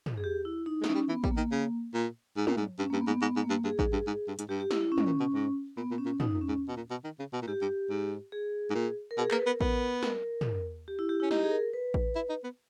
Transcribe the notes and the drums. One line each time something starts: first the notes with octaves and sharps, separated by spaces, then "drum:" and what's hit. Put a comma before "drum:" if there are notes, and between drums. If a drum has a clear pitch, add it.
drum: tom
G#4
G4
E4
D#4
G#3
D#4, drum: snare
E3 C#4
G3
E3 B3
G3, drum: kick A1
A#3
D#3
C#3
A#2
G#2
A#2, drum: tom
G#2
G2 C#4
A#3
G2
B3
G#2
B3
G#2 B3
G#2
A#3
G2
G2 G#4
G#2, drum: kick A1
G2
G#2
G2
G#2, drum: hi-hat
G2 G4
G4
E4, drum: snare
E4
C#4
G#2, drum: tom
A#2
B2
G#2
A#2 B3
A#2
C#4
A#2
B2 D#4, drum: tom
A#2
C#4
G#2
B2
A#2
B2
D#3
C#3
B2
A#2
G#2 G4
G2
G#2
G#4
G#2
A#2
A#4
B2 G#4
A#3 B4, drum: clap
A#4
B3
B3, drum: kick A1
A#4, drum: snare
drum: tom
G4
E4
G4
E4
C#4
D#4 G4, drum: snare
G#4
A#4
B4
drum: kick A1
E4
D#4
B3